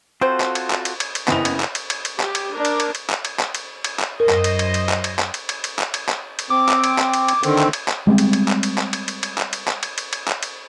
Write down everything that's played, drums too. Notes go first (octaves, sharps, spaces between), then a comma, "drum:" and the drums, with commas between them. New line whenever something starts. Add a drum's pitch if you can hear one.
C4 F4 F#4 A4 C5
drum: clap
drum: cymbal
drum: clap
drum: cymbal
drum: cymbal
drum: cymbal
F#1 E3 B3 C4 E4 D#5 F7, drum: clap
drum: cymbal
drum: clap
drum: cymbal
drum: cymbal
drum: cymbal
G4, drum: clap
drum: cymbal
D4 A#4
drum: cymbal
drum: cymbal
drum: cymbal
drum: clap
drum: cymbal
drum: clap
drum: cymbal
drum: cymbal
drum: clap
F#2 A#4 C5 D#5
drum: clap
drum: cymbal
drum: cymbal
drum: cymbal
drum: clap
drum: cymbal
drum: clap
drum: cymbal
drum: cymbal
drum: cymbal
drum: clap
drum: cymbal
drum: clap
drum: cymbal
C4 D6
drum: clap
drum: cymbal
drum: clap
drum: cymbal
drum: cymbal
D3 D#3 C4, drum: cymbal
drum: clap
drum: cymbal
drum: clap
G3 G#3 B3 C4
drum: cymbal
drum: cymbal
drum: clap
drum: cymbal
drum: clap
drum: cymbal
drum: cymbal
drum: cymbal
drum: clap
drum: cymbal
drum: clap
drum: cymbal
drum: cymbal
drum: cymbal
drum: clap
drum: cymbal